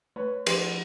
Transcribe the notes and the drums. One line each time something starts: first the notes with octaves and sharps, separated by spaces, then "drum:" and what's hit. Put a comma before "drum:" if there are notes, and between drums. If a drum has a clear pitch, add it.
A3 B4 C#5
F3 C5 D5, drum: cymbal